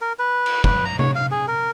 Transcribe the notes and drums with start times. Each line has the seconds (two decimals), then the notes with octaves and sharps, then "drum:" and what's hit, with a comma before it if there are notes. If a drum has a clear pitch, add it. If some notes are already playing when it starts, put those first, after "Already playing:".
0.01 A#4
0.19 B4
0.46 drum: cymbal
0.64 B4, drum: kick
0.85 A#5
0.99 C#5, drum: tom C3
1.15 F5
1.31 G#4
1.48 A#4